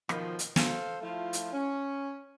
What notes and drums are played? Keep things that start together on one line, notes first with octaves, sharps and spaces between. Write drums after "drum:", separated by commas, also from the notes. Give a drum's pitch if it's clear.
B2 D#3 F3, drum: rim click
drum: hi-hat
A4 C5 F5, drum: snare
F3 A3 E4 F4
drum: hi-hat
C#4